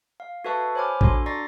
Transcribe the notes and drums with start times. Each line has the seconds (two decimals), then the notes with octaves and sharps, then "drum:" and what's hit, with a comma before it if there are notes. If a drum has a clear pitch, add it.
0.20 F5
0.44 F#4 A4 B4 E5 A5 C#6
0.75 C5 C#5 G#5 B5 D6 F6
1.01 D4 F#4 A4 C6, drum: kick A1
1.26 D5 A#5 C#6 A6 A#6 C7